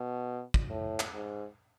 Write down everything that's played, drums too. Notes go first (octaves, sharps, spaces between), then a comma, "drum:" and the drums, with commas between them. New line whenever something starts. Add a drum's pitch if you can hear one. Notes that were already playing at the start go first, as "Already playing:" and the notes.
Already playing: B2
drum: kick
A2
drum: clap
G#2